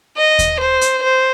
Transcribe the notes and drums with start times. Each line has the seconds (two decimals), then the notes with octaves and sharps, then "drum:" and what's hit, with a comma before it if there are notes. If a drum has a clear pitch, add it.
0.17 D#5
0.39 drum: kick D#2, hi-hat
0.60 C5
0.81 drum: hi-hat
1.03 C5